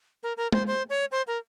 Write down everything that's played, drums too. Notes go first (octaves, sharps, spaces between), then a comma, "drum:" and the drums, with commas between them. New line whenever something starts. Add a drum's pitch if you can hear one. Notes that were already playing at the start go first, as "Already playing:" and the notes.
A#4
A#4
C5, drum: tom G#3
C5
C#5
C5
A#4